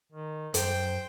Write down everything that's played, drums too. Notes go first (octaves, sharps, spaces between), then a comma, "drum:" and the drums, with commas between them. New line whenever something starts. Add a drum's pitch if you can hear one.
D#3
F#2 C5 G5, drum: hi-hat